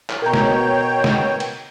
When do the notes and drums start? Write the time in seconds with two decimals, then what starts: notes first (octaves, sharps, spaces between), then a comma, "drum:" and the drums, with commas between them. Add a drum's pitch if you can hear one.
0.10 drum: clap
0.22 B2 A#4 C#5 G5 A#5
0.33 drum: snare
1.04 drum: snare
1.40 drum: cymbal